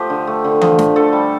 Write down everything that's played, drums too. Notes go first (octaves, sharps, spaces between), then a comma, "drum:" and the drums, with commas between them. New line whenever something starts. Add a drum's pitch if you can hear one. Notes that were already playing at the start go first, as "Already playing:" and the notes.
Already playing: F3 A3 G4
D3
A3
D3
F3, drum: tom E3
D3, drum: snare
D3 A4
G3